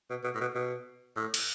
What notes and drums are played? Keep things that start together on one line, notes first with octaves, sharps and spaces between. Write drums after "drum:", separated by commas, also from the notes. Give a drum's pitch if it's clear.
B2
B2
A2
B2
B2
A2
drum: cymbal